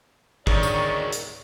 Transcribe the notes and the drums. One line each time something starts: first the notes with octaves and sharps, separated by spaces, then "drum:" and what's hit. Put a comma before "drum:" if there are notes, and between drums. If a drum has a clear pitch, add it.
D3 D#3 G#4 A#4 C#5 D5, drum: kick
drum: tambourine
drum: hi-hat